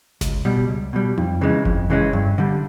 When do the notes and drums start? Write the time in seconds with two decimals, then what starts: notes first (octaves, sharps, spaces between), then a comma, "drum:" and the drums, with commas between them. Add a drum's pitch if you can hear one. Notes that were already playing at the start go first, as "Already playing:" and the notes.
0.21 C#2, drum: snare G1
0.45 B2 G3
0.69 C#2
0.93 B2 G3
1.18 F2, drum: tom D#4
1.41 C#3 E3 G#3 C#4
1.65 F2, drum: kick F#1
1.90 C#3 E3 G#3 C#4
2.13 G2
2.38 D3 G3